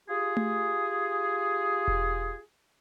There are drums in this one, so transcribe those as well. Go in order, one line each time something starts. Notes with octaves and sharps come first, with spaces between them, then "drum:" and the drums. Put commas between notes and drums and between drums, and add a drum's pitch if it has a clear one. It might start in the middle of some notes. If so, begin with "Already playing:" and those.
F4 G4 G#4
drum: tom A3
drum: kick E1